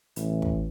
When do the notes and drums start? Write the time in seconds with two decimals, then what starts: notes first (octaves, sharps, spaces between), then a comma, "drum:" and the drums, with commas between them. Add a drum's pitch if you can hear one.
0.16 A1, drum: hi-hat
0.42 drum: kick